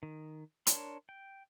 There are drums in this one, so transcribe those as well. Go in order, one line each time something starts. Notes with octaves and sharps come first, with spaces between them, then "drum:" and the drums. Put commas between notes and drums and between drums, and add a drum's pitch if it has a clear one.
D#3
D4 A#4 C#5 A5 C6, drum: hi-hat
G5